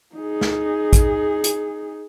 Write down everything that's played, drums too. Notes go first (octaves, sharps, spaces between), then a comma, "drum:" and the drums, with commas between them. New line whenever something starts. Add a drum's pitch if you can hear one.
D#4 G#4
drum: snare
drum: kick, hi-hat
drum: hi-hat